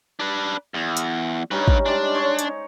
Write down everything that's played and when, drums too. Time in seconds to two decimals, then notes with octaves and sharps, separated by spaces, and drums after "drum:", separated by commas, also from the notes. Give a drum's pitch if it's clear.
0.20 D4 B4
0.74 E2
0.97 drum: hi-hat
1.51 G2 C#4 D#4 G4 B4
1.68 drum: kick
1.86 G3 G#3 D4
2.15 G#4 C5 C#5
2.39 drum: hi-hat